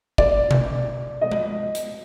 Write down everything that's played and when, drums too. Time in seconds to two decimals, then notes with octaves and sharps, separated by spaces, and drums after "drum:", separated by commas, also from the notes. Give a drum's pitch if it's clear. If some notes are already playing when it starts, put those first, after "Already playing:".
0.18 D5, drum: kick
0.51 drum: tom B2
1.21 D#5
1.32 drum: tom G#3
1.75 drum: hi-hat